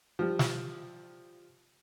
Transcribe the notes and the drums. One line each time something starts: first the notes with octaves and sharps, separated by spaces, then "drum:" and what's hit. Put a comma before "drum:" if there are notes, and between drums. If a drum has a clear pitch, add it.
F3 G3
drum: snare